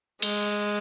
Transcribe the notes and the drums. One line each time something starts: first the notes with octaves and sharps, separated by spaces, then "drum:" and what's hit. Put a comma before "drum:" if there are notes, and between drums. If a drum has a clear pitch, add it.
G#3, drum: cymbal